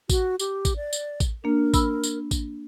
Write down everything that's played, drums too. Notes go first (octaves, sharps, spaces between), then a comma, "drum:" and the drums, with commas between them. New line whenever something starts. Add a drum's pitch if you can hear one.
F#4, drum: kick A1, tambourine
G4, drum: tambourine
drum: kick A1, tambourine
D5
drum: tambourine
drum: kick A1, tambourine
A#3 D4 A#4
B5 E6, drum: kick A1, tambourine
drum: tambourine
drum: kick A1, tambourine